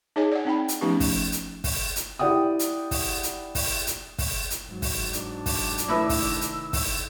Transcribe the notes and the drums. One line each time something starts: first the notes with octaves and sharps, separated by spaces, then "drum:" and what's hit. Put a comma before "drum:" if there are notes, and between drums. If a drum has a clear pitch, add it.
D#4 G#4 C#5 D#5 G#5
D5 F#5
C4 D#4 G5 B5
drum: hi-hat
F3 A3 B3 C#4 D#4 G4
drum: kick, open hi-hat
drum: hi-hat
drum: kick, open hi-hat
drum: hi-hat
E4 G4 D5 F#5 G5 D#6
drum: hi-hat
drum: kick, open hi-hat
drum: hi-hat
drum: kick, open hi-hat
drum: hi-hat
drum: kick, open hi-hat
drum: hi-hat
G#2 F#3
drum: kick, open hi-hat
D4, drum: hi-hat
drum: kick, open hi-hat
drum: hi-hat
A2 C3 D#3 B4 E5 E6
drum: kick, open hi-hat
drum: hi-hat
drum: kick, open hi-hat